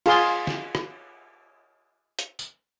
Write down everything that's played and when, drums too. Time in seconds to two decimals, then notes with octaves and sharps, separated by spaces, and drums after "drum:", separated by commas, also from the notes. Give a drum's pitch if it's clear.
0.06 F4 G#4 C6, drum: cymbal
0.47 drum: snare
0.75 drum: rim click
2.19 drum: hi-hat
2.39 drum: tambourine